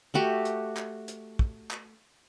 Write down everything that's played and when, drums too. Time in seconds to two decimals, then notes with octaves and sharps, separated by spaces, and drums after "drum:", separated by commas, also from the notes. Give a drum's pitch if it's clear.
0.14 A3 F#4 G4
0.45 drum: hi-hat
0.77 drum: clap
1.08 drum: hi-hat
1.39 drum: kick
1.71 drum: clap